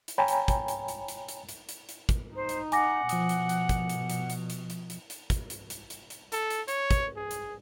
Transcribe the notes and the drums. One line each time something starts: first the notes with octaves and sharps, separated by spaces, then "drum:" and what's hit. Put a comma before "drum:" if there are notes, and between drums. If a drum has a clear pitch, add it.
drum: hi-hat
C#5 G5 G#5 A#5 B5
drum: hi-hat
drum: kick, hi-hat
drum: hi-hat
drum: hi-hat
drum: hi-hat
drum: hi-hat
drum: hi-hat
drum: hi-hat
drum: hi-hat
drum: kick, hi-hat
D#4 C5
drum: hi-hat
F#5 G#5 D6 A#6, drum: hi-hat
B2 F3 D#6, drum: hi-hat
drum: hi-hat
drum: hi-hat
drum: kick, hi-hat
drum: hi-hat
drum: hi-hat
drum: hi-hat
drum: hi-hat
drum: hi-hat
drum: hi-hat
drum: hi-hat
drum: kick, hi-hat
drum: hi-hat
drum: hi-hat
drum: hi-hat
drum: hi-hat
A4, drum: hi-hat
drum: hi-hat
C#5, drum: hi-hat
drum: kick, hi-hat
G#4
drum: hi-hat